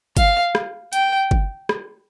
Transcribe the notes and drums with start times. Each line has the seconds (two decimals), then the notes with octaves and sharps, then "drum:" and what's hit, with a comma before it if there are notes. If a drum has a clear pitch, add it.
0.17 F5, drum: kick G1, hi-hat
0.55 drum: rim click
0.93 G5, drum: hi-hat
1.31 drum: kick G1
1.69 drum: rim click